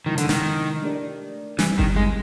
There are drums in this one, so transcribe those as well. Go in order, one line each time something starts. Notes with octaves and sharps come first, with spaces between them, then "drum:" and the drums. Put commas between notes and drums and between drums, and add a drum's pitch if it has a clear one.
C3 D#3 F3 G#3 C#4 E4
D3, drum: hi-hat
D#3, drum: snare
A3 D4 G4 A#4 D5
D3 E3 G3 C4 E4 G4, drum: snare
D#3, drum: kick G1
G#3